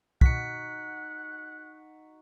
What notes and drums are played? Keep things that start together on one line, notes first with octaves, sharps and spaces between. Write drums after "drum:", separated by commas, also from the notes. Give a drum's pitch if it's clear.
D#4 F#4 F#5 B6 C#7, drum: kick